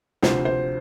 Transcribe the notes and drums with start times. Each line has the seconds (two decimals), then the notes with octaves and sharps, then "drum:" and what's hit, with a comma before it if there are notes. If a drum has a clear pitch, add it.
0.23 D2 C3 F3 C5, drum: snare
0.45 C5